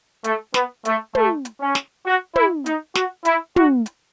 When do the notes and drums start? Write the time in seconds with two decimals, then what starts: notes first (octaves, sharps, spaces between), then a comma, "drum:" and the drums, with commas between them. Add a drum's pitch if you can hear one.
0.24 A3, drum: hi-hat
0.54 B3, drum: snare
0.85 A3, drum: hi-hat
1.15 A3, drum: tom
1.45 drum: hi-hat
1.60 C#4
1.75 drum: snare
2.05 F#4
2.36 E4, drum: tom
2.66 D#4, drum: hi-hat
2.95 F#4, drum: snare
3.25 E4, drum: hi-hat
3.56 F#4, drum: tom
3.86 drum: hi-hat